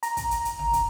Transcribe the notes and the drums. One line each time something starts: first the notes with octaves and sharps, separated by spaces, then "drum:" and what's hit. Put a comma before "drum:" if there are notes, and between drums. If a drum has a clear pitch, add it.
A#5, drum: hi-hat
drum: kick, hi-hat
drum: hi-hat
drum: hi-hat
drum: tom
drum: kick, hi-hat